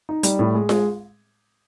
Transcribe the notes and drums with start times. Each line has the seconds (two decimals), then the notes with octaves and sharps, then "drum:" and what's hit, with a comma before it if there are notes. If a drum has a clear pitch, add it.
0.09 D#4
0.23 G3, drum: hi-hat
0.39 A2
0.55 G#3
0.69 G#3, drum: snare F4